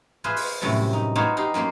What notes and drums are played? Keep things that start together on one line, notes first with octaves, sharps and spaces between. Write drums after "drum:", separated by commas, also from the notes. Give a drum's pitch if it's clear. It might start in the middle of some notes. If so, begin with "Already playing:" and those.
F4 G#4 B4 C5 E5 F5
drum: open hi-hat
F#2 A2 C3 F3 G3
D#4
B3 D#4 F4 G4 C5 C#5
D#4 G4 C6
F#2 A#3 G4 C6